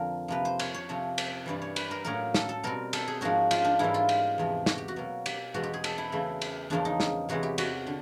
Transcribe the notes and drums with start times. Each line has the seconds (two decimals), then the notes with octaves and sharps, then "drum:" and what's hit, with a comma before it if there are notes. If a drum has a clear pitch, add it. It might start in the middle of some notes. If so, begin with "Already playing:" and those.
Already playing: F2 D3 F3 A#4
0.28 C3 F3 A#3 B4
0.45 C5
0.59 C#5, drum: cymbal
0.74 C#5
0.89 C3 F3 A3 C#4
1.18 drum: cymbal
1.46 G2 E3 G3 D5
1.62 C#5
1.76 B4, drum: cymbal
1.91 A#4
2.05 A2 F#3 A#3 C#4 A#4
2.34 A4, drum: snare
2.49 A4
2.63 B2 G3 C4 A#4
2.93 A4, drum: cymbal
3.08 G#4
3.21 G#2 F3 A#3 C#4 F#4
3.51 F4, drum: cymbal
3.65 D4
3.79 G#2 E3 G3 A#3 C#4 E4
3.94 F4
4.09 drum: cymbal
4.38 E2 C3 F3
4.66 F#4, drum: snare
4.78 G4
4.88 F#4
4.96 B2 F#3 A#3
5.26 G4, drum: cymbal
5.54 E2 B2 G#3 C4 F#4
5.63 G4
5.74 G#4
5.84 A4, drum: cymbal
5.98 E4
6.12 C#3 E3 A3
6.42 drum: cymbal
6.70 E2 C#3 F3 A#3 C#4 D4
6.85 D#4
7.00 drum: snare
7.29 C3 E3 G#3 C#4 F#4
7.43 G4
7.58 F#4, drum: cymbal
7.87 D3